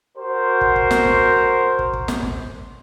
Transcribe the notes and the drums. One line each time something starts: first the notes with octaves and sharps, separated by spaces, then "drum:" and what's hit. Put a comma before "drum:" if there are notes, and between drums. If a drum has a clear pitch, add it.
F#4 A#4 C5
drum: kick
drum: kick
drum: snare
drum: kick
drum: kick
drum: kick
drum: snare
drum: kick